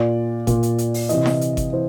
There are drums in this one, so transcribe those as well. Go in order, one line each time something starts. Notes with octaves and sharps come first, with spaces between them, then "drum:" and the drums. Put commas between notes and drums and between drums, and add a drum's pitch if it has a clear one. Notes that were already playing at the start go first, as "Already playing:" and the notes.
Already playing: A#2 D5
A#2, drum: kick G1, hi-hat
drum: hi-hat
drum: hi-hat
drum: open hi-hat
C3 E3 D#5, drum: hi-hat
drum: snare E4
drum: hi-hat
drum: kick G1, hi-hat
E3 C5